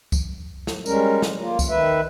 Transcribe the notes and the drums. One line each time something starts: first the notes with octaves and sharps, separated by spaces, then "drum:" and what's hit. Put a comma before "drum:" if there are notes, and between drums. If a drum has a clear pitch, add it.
drum: kick C2, tambourine
drum: snare
G3 G#3 C#4 A#4, drum: tambourine
drum: snare
A#3 F4
drum: kick C2, tambourine
D#3 B4 E5